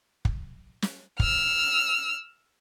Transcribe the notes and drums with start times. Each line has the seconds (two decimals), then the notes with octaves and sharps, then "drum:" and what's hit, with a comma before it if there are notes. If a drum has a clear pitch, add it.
0.25 drum: kick
0.82 drum: snare
1.20 E6 F6, drum: kick